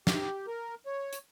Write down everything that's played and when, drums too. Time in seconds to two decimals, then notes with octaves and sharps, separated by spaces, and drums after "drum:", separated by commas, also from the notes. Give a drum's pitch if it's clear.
0.07 G4, drum: snare
0.47 A#4
0.86 C#5
1.13 drum: hi-hat